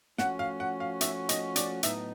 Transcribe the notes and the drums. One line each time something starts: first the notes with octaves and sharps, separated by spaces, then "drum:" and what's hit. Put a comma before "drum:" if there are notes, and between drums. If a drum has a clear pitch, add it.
F3 A3 C#4 F#4 F#5, drum: snare
F5
F#5
F5
E5, drum: hi-hat
D#5, drum: hi-hat
D5, drum: hi-hat
A2 F#3 B3 D#4 E5, drum: hi-hat